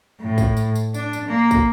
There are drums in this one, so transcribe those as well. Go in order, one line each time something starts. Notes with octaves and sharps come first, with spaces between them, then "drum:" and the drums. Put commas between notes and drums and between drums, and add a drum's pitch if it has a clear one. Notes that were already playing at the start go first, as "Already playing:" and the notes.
A2
drum: kick, tambourine
drum: tambourine
drum: tambourine
D4, drum: tambourine
drum: tambourine
A#3
drum: kick, tambourine